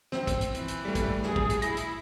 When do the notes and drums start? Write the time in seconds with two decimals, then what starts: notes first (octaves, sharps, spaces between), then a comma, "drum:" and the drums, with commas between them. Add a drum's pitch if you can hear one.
0.12 C4, drum: snare
0.27 drum: kick, hi-hat
0.41 drum: hi-hat
0.55 E3, drum: hi-hat
0.68 drum: hi-hat
0.85 G3 A3
0.95 drum: kick, hi-hat
1.23 G#4, drum: snare
1.36 drum: kick
1.50 drum: hi-hat
1.62 E4 A#6, drum: hi-hat
1.77 drum: hi-hat